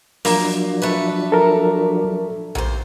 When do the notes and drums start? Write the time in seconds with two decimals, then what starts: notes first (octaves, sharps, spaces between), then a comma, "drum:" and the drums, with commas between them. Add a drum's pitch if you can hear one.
0.25 F3 F#3 A#3 D4, drum: open hi-hat
0.82 A3 B4
1.32 A4 A#4
2.55 D#2 C5, drum: tom A#1